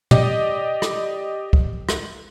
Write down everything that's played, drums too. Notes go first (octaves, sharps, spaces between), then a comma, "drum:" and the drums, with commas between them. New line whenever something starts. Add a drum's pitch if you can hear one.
G4 D5 D#5, drum: tom
drum: rim click
drum: kick
drum: rim click